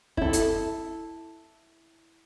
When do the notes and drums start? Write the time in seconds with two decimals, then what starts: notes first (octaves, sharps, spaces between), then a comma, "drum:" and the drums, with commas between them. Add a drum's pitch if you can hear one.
0.17 E4 A4, drum: kick
0.33 drum: hi-hat